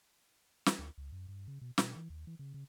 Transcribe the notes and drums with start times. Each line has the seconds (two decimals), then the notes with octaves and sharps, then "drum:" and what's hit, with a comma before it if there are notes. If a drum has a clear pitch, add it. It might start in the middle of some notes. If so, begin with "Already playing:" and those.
0.66 drum: snare
0.79 D2
0.98 C#2
1.12 F#2
1.28 G2
1.48 C#3
1.61 B2
1.78 B2, drum: snare
1.96 E3
2.10 D#2
2.27 E3
2.39 C#3
2.54 C#3